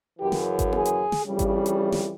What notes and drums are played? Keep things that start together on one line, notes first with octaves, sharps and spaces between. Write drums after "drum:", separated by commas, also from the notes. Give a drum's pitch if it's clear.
F#2 C#3 E3 G4
drum: snare
drum: kick G#1, hi-hat
G#4, drum: tom A#3
drum: hi-hat
drum: snare
F2 C#3 E3 G3
drum: kick G#1, hi-hat
drum: hi-hat
drum: snare